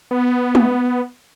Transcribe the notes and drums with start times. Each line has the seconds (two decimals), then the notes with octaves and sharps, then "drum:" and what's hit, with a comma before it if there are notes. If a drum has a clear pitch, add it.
0.11 B3
0.55 drum: tom